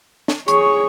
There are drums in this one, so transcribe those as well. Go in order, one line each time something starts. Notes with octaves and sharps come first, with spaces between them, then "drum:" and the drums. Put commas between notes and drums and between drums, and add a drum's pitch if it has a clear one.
drum: snare
G#4 C#5 C#6, drum: hi-hat